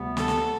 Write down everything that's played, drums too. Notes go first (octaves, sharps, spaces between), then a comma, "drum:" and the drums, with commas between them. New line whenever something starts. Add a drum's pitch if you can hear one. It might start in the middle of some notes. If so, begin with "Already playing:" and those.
Already playing: D2 C3 G3 B3
A4, drum: snare
drum: snare